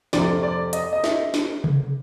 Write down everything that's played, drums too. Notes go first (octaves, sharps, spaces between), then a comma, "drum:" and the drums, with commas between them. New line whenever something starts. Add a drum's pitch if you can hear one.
F2 C3 F3 A3 D5, drum: snare
D5
D#5, drum: hi-hat
D#5
E5, drum: snare
drum: snare
drum: tom C3